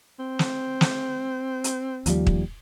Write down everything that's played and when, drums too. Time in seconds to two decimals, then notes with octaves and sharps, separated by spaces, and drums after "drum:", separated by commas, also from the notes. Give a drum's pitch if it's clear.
0.19 C4
0.39 drum: snare
0.81 drum: snare
1.64 drum: hi-hat
2.06 D#2 F3 G3, drum: hi-hat
2.27 drum: kick